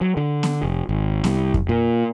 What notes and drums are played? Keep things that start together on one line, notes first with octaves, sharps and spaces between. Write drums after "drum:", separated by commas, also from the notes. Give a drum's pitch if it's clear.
F#3
D3
drum: snare B3
F1
G#1
C2, drum: snare B3
drum: kick F2
A#2